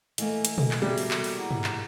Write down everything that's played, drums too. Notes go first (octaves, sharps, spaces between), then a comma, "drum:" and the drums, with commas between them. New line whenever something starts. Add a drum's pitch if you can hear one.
E3 A3 A#3 A4 D#5 G#5, drum: hi-hat
drum: hi-hat
drum: tom A#2
drum: clap
G3 A#3 B3 F#4 G#4 A4 E5
drum: open hi-hat
drum: clap
drum: open hi-hat
E4 F#5 A#5
drum: tom
drum: clap